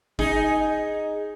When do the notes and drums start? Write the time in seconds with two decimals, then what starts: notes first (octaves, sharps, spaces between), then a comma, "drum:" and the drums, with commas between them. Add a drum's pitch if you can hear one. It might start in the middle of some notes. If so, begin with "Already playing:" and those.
0.19 D#4 G#4, drum: kick G1